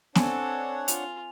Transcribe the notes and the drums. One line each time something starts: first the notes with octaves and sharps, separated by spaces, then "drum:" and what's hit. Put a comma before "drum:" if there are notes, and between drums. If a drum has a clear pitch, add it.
C4 D4 A4 C#5 F#5 G#5, drum: snare B3
F4 F7, drum: hi-hat